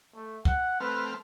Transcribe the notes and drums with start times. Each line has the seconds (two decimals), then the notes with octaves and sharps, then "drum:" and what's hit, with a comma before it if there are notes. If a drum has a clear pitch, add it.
0.15 A3
0.45 F#5, drum: kick
0.80 A3 C4 B4 F6